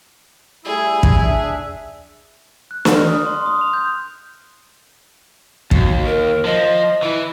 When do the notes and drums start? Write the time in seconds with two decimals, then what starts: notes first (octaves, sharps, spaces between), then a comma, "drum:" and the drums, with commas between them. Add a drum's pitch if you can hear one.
0.65 G3 A3 E4 G#4
1.03 drum: kick
1.21 D4 E5
2.71 F#6
2.85 F6, drum: snare
3.07 D#6
3.26 C6
3.46 D#6
3.61 F7
3.73 G6
5.71 D#2 F#4, drum: kick
6.06 A#4
6.45 F3 D#5
7.03 E3 E4